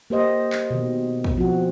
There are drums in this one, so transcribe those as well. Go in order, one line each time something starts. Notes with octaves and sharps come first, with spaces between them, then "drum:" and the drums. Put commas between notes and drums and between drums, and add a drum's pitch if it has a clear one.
A#3 G4 C5 D#5
drum: clap
B2 D#3
drum: kick
F3 C4 F#4